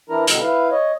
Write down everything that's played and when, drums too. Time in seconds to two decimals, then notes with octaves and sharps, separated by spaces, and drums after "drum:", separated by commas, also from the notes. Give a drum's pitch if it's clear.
0.09 E3 D4 E4 A#4 A#5
0.27 B2 D3 G3 D#4, drum: hi-hat
0.41 E4 B4 F5
0.71 C#5 D#5